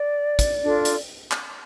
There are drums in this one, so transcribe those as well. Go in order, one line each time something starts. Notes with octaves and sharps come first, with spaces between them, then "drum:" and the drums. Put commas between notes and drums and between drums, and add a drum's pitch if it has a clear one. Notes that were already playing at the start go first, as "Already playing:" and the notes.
Already playing: D5
drum: kick, hi-hat
D4 F4 A4
drum: hi-hat
drum: clap